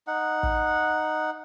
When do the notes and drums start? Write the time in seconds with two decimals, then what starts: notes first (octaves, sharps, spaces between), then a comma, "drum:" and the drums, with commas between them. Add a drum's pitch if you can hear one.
0.07 D#4 F#5
0.43 drum: kick